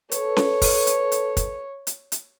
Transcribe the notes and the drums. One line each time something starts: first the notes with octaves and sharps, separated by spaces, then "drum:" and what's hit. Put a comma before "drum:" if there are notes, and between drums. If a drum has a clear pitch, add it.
A4 B4 C#5, drum: hi-hat
drum: snare C#4
drum: kick, open hi-hat
drum: hi-hat
drum: hi-hat
drum: kick, hi-hat
drum: hi-hat
drum: hi-hat